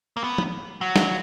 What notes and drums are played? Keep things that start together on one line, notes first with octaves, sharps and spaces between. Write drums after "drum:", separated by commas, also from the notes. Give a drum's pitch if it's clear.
A#3
B3
drum: tom
F#3
drum: snare